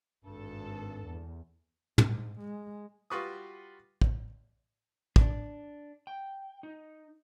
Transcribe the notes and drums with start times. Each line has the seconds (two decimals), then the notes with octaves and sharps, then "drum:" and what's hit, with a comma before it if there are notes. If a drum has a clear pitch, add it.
0.24 G#1 G2 A4
1.05 E2
1.98 G#2, drum: tom
2.39 G#3
3.10 G3 F4 F#4 B4 C#6 D#6
4.01 drum: kick
5.16 D4, drum: kick
6.07 G5
6.63 D#4